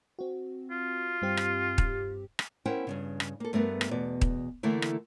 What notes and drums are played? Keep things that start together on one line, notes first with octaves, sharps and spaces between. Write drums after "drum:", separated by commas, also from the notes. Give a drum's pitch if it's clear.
C4 F#4
F4
G2 C4 G4
drum: rim click
drum: kick D#1
drum: rim click
C#4 E4 A#4 C5 F#5 G5
G2 A#2 C#3
drum: rim click
A#3 A4
G2 A3 B3 A#4 F5
drum: rim click
E2 B2 D5
drum: kick D#1
D3 E3 A3 A#3 E4
drum: rim click